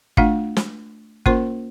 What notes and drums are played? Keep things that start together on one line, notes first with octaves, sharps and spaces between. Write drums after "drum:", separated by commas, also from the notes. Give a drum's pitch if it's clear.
A3 D4 F4 F5 F#5, drum: kick
drum: snare
A#3 C#4 F4 A#4 C5 C6, drum: kick